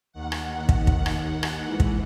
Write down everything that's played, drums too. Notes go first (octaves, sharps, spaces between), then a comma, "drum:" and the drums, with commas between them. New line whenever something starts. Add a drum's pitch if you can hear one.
D#2 D#3 F#5
drum: rim click
drum: kick
drum: kick
drum: rim click
drum: rim click
G#2 E3
drum: kick